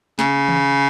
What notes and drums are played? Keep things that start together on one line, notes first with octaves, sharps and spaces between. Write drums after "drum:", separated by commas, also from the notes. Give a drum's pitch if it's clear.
C#3, drum: snare
drum: tom D#3